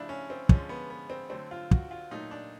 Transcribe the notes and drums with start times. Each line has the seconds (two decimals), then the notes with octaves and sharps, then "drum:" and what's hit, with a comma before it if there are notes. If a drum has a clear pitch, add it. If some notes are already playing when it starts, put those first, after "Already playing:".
Already playing: C#3 F3 A3 D4 E4
0.09 C#4
0.30 C4
0.49 D3 F3 G#3 C#4, drum: kick
0.69 B3
0.90 B3
1.10 C4
1.30 D3 F#3 A3 C4
1.51 F4
1.71 F#4, drum: kick
1.91 F4
2.11 A#2 F#3 A3 D#4
2.31 D4